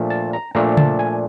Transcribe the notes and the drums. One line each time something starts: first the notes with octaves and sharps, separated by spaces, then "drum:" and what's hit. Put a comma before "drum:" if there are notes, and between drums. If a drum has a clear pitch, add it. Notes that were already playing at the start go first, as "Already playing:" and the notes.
Already playing: A#2 F3 A3 D4
A5
A#5
A#2 F3 A3 D4 A#5
A5, drum: tom C#3
G#5